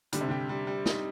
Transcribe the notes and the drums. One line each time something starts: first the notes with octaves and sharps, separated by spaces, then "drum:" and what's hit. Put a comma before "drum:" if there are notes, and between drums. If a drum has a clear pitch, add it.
D3 G3, drum: hi-hat
C3
D3 G4
G3
G3
D#4, drum: snare